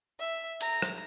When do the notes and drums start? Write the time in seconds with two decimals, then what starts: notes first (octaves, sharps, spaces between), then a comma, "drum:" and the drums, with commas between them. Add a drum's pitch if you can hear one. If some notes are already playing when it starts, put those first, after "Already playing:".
0.20 E5
0.61 A#5, drum: cymbal
0.82 drum: rim click